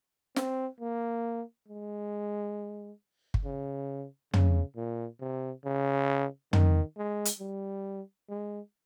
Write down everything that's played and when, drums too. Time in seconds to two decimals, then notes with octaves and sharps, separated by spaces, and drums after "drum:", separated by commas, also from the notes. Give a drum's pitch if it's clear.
0.36 C4, drum: snare
0.81 A#3
1.69 G#3
3.34 drum: kick
3.45 C#3
4.33 C#3, drum: tom
4.76 A#2
5.21 C3
5.65 C#3
6.53 D#3, drum: tom
6.98 G#3
7.25 drum: hi-hat
7.40 G3
8.30 G#3